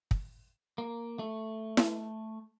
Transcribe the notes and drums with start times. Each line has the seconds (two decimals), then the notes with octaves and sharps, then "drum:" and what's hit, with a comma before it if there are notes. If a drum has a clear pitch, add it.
0.11 drum: kick
0.78 A#3
1.19 A3
1.77 drum: snare E4